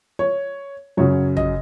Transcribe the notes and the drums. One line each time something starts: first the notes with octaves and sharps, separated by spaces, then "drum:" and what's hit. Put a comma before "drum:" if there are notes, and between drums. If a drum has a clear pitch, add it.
C#5
F#2 C#3 F#3 C#5
D#5, drum: tom